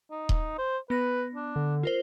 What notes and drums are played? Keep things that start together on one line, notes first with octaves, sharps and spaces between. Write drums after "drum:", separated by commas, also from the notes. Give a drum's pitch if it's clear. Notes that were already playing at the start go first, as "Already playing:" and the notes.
D#4
drum: kick D#1
C5
B3 B4 A#6
D4
D3
F4 A#4 C5